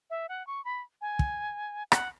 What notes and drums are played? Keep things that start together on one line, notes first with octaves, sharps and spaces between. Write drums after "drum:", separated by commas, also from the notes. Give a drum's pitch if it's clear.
E5
F#5
C#6
B5
G#5
drum: kick
F#5, drum: rim click